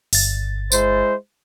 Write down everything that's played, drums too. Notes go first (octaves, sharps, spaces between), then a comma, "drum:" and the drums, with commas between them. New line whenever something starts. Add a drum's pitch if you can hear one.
G1 A6, drum: open hi-hat
G#3 E4 C5, drum: tambourine